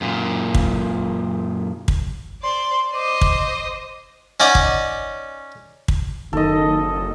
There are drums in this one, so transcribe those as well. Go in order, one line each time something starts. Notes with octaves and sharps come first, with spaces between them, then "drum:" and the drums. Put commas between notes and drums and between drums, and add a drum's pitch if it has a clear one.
F#2 A#2
drum: kick
drum: kick
C5 D5 C6
C5 D#5 D6
drum: kick
C#4 D#4 D5 F#5
drum: kick
drum: kick
F#1 D#3 A4 D#5